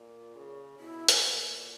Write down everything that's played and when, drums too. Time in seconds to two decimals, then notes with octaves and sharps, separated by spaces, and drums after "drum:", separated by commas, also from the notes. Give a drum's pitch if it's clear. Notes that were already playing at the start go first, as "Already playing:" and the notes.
Already playing: A#2
0.35 C#3
0.79 B2 E4
1.08 drum: hi-hat
1.23 A#2